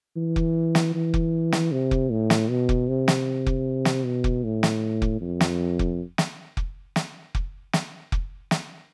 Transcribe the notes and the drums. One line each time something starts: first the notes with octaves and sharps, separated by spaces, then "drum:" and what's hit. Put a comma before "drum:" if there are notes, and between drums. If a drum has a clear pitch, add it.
E3
drum: kick F1
drum: snare
E3
drum: kick F1
drum: snare
C3
drum: kick F1
A2
drum: snare
B2
drum: kick F1
C3
drum: snare
drum: kick F1
drum: snare
B2
drum: kick F1
A2
drum: snare
drum: kick F1
F2
drum: snare
drum: kick F1
drum: snare
drum: kick F1
drum: snare
drum: kick F1
drum: snare
drum: kick F1
drum: snare